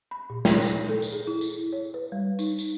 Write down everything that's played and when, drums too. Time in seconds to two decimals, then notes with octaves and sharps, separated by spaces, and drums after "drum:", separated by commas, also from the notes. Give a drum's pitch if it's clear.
0.11 B5
0.30 A#2
0.45 G5, drum: snare
0.62 A#6, drum: tambourine
0.89 A4
1.02 drum: tambourine
1.13 G#4
1.27 E4
1.41 drum: tambourine
1.72 C#5
1.94 B4
2.12 G3
2.39 D#4, drum: tambourine
2.58 drum: tambourine